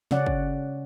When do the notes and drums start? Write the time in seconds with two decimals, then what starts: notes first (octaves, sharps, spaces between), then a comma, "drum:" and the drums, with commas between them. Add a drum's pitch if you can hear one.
0.11 C#3 C#4 D5 F#5, drum: snare
0.26 drum: kick